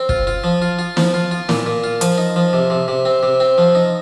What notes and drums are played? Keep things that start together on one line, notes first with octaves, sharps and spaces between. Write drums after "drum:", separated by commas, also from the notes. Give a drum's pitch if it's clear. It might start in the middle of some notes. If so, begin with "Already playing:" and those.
Already playing: C4
F4, drum: kick
F4
F3
F4
F4
F3, drum: snare
F4
F4
A#2, drum: snare
A#2
F4
F3, drum: hi-hat
D#4
F3
C3
C3
C3
C4
C3
C4
F3
D#4